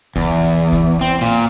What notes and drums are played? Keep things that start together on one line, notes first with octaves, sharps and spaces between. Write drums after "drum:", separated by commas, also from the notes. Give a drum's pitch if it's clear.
E2, drum: kick
drum: hi-hat
drum: kick, hi-hat
C4, drum: hi-hat
A#2